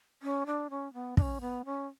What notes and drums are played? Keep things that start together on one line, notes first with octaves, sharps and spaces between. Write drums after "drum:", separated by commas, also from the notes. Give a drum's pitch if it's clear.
C#4
D4
C#4
B3
D4, drum: kick
C#4
B3
C#4